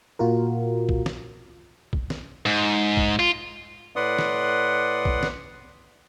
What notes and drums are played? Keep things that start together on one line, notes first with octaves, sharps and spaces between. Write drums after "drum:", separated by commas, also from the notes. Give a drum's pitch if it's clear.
A#2 F4 F#4 A#4
drum: kick
drum: snare
drum: kick
drum: snare
G#2
drum: kick
F4
A2 B4 D5 F#5 C6 D#6
drum: snare
drum: kick
drum: snare